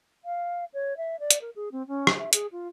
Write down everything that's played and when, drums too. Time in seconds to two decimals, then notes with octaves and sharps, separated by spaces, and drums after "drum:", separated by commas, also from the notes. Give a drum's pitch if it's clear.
0.24 F5
0.73 C#5
0.97 E5
1.19 D5
1.30 drum: hi-hat
1.41 A#4
1.56 G#4
1.72 C4
1.88 C#4
2.07 drum: rim click
2.18 E5
2.33 G#4, drum: hi-hat
2.52 F4